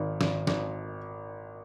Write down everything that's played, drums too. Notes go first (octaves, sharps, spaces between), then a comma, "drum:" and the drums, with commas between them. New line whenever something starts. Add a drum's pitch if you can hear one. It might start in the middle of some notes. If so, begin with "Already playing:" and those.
Already playing: G#1 D#3
G#1, drum: snare
G#1, drum: snare